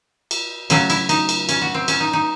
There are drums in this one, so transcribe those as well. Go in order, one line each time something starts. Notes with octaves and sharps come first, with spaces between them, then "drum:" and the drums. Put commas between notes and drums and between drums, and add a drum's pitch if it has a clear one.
drum: cymbal
C#3 F#3 A3 C#4, drum: cymbal
E4, drum: cymbal
D#4, drum: cymbal
drum: cymbal
C#4, drum: cymbal
F#4
C4
C#4, drum: cymbal
D#4
D#4